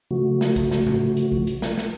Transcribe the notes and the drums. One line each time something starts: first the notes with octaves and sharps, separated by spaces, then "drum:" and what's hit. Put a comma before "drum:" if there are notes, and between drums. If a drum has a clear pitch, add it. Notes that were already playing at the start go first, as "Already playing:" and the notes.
C#3 F3 A3 F#4
drum: snare
drum: kick B1, hi-hat
drum: snare
drum: tom A2
drum: hi-hat
drum: kick B1
drum: hi-hat
drum: snare
drum: snare